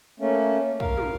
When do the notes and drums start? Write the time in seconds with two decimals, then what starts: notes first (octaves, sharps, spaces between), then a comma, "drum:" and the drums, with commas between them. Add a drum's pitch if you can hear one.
0.20 A3 A#3 C#4
0.80 A#4 F5, drum: kick
0.97 drum: tom